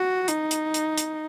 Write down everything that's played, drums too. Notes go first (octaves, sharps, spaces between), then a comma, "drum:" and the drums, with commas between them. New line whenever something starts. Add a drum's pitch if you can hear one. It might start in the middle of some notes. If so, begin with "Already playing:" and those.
Already playing: F#4
D#4, drum: hi-hat
drum: hi-hat
drum: hi-hat
drum: hi-hat